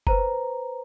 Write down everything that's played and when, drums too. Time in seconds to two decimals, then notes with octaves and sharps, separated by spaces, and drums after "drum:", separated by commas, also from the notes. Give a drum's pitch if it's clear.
0.07 B4 C5 A#5, drum: kick F#1